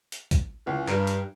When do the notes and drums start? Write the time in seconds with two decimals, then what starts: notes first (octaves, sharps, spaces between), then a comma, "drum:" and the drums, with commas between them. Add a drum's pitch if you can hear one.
0.12 drum: hi-hat
0.31 drum: kick, hi-hat
0.66 C#2 E3
0.88 G2 A#4, drum: clap
1.07 drum: hi-hat